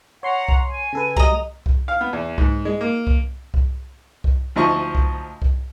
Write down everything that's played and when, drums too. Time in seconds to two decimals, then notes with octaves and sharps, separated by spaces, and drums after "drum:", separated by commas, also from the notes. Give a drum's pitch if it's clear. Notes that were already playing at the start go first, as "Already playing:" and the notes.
0.23 C#5 F#5 A#5 C6 C7
0.48 drum: kick C2
0.69 G#5
0.93 C#3 A4 B4
1.16 F#3 G3 A3 D#5 A#5, drum: kick C2
1.66 drum: kick C2
1.88 F5
2.01 B3
2.13 E2
2.38 G#2, drum: kick C2
2.65 G#3
2.81 A#3
3.07 drum: kick C2
3.54 drum: kick C2
4.24 drum: kick C2
4.56 D2 F3 D#4 D#5 C#6
4.95 drum: kick C2
5.42 drum: kick C2